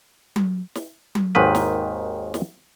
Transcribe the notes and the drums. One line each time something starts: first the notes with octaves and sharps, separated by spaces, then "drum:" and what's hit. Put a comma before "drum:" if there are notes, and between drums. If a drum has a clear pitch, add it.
drum: tom F#3
drum: snare
drum: tom F#3
G#1 D#2 G#2 D#3 B4
drum: snare
drum: snare